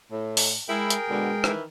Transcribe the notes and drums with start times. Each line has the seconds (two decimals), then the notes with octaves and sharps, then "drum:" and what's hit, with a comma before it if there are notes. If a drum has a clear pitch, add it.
0.11 A2
0.37 drum: open hi-hat
0.69 G#3 E4 G#4 A#4 G5
0.90 drum: hi-hat
1.08 B2 D3 G#3
1.44 D#3 E3, drum: rim click